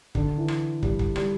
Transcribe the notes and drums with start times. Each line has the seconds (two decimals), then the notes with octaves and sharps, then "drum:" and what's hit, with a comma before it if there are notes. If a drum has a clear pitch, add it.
0.15 D3, drum: kick
0.38 E3
0.48 drum: rim click
0.83 G3, drum: kick
0.99 drum: kick
1.16 G3, drum: rim click